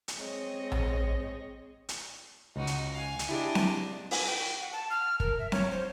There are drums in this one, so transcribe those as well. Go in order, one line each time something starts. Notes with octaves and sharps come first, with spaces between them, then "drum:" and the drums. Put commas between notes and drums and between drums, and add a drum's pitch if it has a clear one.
drum: hi-hat
G#3 C4 G#4 C#5 D#5
drum: tom A#1
drum: hi-hat
C#2 D#4 F#4
drum: hi-hat
F5 G#5
drum: hi-hat
D4 E4 G4 G#4 D#5
drum: snare C4
G#5, drum: open hi-hat
G5
F#5
A5
F6
A#4, drum: kick
E5
C#5, drum: snare C4
C5